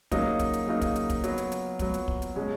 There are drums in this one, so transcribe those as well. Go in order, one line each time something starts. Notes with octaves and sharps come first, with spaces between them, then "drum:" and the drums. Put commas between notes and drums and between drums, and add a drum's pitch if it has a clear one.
C#3 F#3 A#3 D#4, drum: kick, hi-hat
drum: kick, hi-hat
drum: hi-hat
C#3 F#3 A#3 D#4
drum: kick, hi-hat
drum: hi-hat
drum: kick, hi-hat
F#3 B3 F#4, drum: hi-hat
drum: hi-hat
drum: hi-hat
F#3 B3 F#4, drum: kick, hi-hat
drum: hi-hat
drum: kick
drum: hi-hat
B2 G#3 C#4